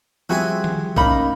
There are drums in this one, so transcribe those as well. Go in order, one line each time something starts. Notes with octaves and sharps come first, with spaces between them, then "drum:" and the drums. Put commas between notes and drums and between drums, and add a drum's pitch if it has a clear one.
F3 G3 C4 E4 F#4 G#4 G#5
drum: tom D#3
A2 A#3 C#4 D#4 B5, drum: kick